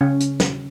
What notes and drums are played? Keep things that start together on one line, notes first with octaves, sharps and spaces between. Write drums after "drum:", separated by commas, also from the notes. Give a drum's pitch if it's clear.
C#3 C#4
drum: hi-hat
drum: snare